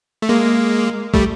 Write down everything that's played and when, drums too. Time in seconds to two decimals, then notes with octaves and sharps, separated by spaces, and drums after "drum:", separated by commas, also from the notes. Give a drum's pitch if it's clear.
0.22 A3
0.29 G#3 A#3
1.13 G3 A3, drum: kick